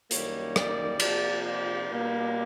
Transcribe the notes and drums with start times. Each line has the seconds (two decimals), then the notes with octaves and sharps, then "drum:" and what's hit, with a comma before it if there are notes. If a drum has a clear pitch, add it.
0.11 F#2 D#3 G3 A#3 C#5, drum: hi-hat
0.56 D5, drum: rim click
1.00 C3 F3 A#3 D5, drum: cymbal
1.45 D5
1.89 B2 G3 A#3